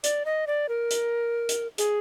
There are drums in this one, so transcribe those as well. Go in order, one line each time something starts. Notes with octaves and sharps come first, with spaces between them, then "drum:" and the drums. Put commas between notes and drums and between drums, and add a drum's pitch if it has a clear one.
D5, drum: hi-hat
D#5
D5
A#4
drum: hi-hat
drum: hi-hat
G#4, drum: hi-hat